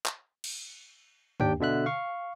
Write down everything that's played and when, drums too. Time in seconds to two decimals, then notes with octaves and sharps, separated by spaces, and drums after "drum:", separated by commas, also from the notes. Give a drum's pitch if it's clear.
0.06 drum: clap
0.44 drum: cymbal
1.40 D#2 D4 G4 G5, drum: tom G2
1.60 B2 D3 E5 F#6
1.86 F5 C#6